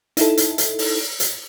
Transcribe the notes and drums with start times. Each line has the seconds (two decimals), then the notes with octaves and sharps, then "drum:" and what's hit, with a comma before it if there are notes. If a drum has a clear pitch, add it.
0.17 D#4 E4 A4, drum: hi-hat
0.37 drum: hi-hat
0.58 drum: hi-hat
0.79 drum: open hi-hat
1.20 drum: hi-hat